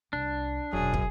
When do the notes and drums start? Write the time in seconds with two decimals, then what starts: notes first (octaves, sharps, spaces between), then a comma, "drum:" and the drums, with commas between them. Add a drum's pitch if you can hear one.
0.13 C2 D4
0.73 E1 B1 F#2 G#4
0.94 drum: kick